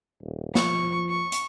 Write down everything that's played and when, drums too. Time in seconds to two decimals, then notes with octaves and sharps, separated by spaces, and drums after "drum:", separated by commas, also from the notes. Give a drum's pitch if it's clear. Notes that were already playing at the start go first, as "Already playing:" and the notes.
0.21 D#1
0.55 F3 C#6, drum: snare
1.09 C#6
1.32 drum: hi-hat